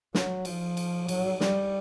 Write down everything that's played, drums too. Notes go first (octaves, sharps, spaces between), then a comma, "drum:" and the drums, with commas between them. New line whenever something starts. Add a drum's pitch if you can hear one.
F#3, drum: snare
F3, drum: cymbal
drum: cymbal
F#3, drum: cymbal
G3, drum: snare